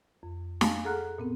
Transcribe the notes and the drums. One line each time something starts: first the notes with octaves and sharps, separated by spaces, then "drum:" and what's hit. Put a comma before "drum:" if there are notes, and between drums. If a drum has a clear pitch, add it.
F2
F5 G#5 A5, drum: snare
G#4 A4 F#5 A#5 F6 F#6
A#2 B3 C4